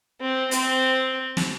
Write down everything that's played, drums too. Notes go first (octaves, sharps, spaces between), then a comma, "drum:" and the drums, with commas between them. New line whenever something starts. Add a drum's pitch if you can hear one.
C4
C4, drum: hi-hat
drum: snare